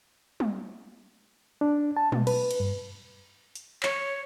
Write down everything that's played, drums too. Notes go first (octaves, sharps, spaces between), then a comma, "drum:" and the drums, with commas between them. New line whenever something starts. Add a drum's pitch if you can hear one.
drum: tom
D4
A5
B2, drum: tom
B4, drum: cymbal
drum: cymbal
G2
drum: hi-hat
C#5, drum: clap